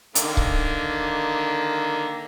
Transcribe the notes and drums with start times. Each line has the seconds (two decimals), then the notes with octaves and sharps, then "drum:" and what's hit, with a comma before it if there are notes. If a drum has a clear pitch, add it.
0.15 D3 D#3 A#3, drum: hi-hat
0.37 drum: kick C#1